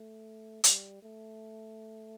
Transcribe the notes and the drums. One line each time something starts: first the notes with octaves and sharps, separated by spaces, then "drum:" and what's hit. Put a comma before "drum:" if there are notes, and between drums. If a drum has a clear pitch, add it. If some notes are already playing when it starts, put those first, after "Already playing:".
Already playing: A3
G3, drum: hi-hat
A3